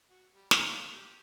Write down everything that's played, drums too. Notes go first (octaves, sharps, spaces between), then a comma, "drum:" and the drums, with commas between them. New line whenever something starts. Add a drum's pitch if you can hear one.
F#4
G3
G#5, drum: snare
F5
G4